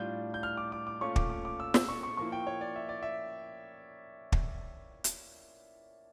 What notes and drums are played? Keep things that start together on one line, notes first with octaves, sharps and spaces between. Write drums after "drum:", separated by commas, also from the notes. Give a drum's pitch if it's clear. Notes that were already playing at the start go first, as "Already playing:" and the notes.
Already playing: A2 G3 D4 F4 G6
G6
F6
D6
D6
D6
A#2 A3 C#4 F4 C#6
D6, drum: kick
D6
D6
E6
E6, drum: snare
C#6
C#6
F3 A#3 E4 C#6
G5
C#5
D5
E5
D5
E5
drum: kick
drum: hi-hat